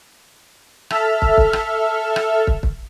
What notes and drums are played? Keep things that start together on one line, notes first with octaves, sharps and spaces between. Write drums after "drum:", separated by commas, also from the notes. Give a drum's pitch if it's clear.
A4 E5 F6, drum: rim click
drum: kick
drum: kick
drum: rim click
drum: rim click
drum: kick
drum: kick